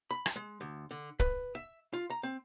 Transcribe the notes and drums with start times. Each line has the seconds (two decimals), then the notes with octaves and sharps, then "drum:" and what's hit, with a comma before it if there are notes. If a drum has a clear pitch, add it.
0.11 B5
0.26 drum: rim click
0.36 G#3
0.61 D2
0.91 D3
1.20 B4, drum: kick
1.55 E5
1.93 F4
2.10 A#5
2.23 C4